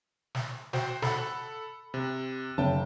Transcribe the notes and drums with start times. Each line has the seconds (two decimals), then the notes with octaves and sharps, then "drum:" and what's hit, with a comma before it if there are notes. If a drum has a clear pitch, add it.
0.35 drum: snare
0.73 F#4 C5 G5, drum: snare
1.02 A4 F#5 B5, drum: snare
1.94 C3
2.58 F#1 G5 A5